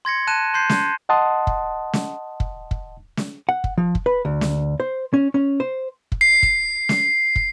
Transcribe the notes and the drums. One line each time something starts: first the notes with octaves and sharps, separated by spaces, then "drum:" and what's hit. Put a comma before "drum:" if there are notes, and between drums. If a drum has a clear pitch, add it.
C6 G#6 A#6 C#7
A5 F#6 D#7 E7
C6 G6 C7
C6, drum: snare
D#5 F#5 A5 C6 D#6
drum: kick
drum: snare
drum: kick
drum: kick
drum: snare
F#5
drum: kick
F3
drum: kick
B4
D2
drum: snare
C5
C#4
C#4
C5
drum: kick
C7
drum: kick
drum: snare
drum: kick